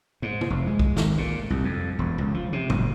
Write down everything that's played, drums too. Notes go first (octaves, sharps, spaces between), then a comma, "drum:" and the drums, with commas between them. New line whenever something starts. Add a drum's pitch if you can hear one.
G#2
drum: tom
F1
G#3
drum: kick
G#1, drum: snare
A#2
C2
F2
E1
C#2
F3
C3
F#1, drum: tom A2